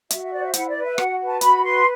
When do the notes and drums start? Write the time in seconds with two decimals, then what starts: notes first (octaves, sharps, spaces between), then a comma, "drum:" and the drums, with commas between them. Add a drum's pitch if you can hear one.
0.10 F#4 E5, drum: hi-hat
0.22 E5
0.32 C5 D5
0.44 E5
0.54 E4 F#5, drum: hi-hat
0.68 D5
0.76 B4
0.84 E5
0.98 F#4 F#5, drum: rim click
1.20 B4
1.27 A5
1.41 F#4 B5, drum: hi-hat
1.62 B4 C6